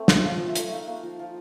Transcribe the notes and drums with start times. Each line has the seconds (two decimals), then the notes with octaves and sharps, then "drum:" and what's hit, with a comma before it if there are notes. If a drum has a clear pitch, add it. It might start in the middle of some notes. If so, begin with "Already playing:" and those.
Already playing: A3 C4
0.08 F4 F#5, drum: snare
0.24 F3 F5
0.40 C4
0.48 E5
0.55 A3, drum: hi-hat
0.71 D#4 F5
0.79 F#5
0.86 A#3 F5
1.03 F3
1.19 F3 F5